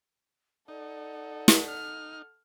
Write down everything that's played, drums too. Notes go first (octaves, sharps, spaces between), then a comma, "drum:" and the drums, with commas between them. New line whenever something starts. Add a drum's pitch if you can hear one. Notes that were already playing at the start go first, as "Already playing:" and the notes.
D#4 A4 D5 F#5
drum: snare
F6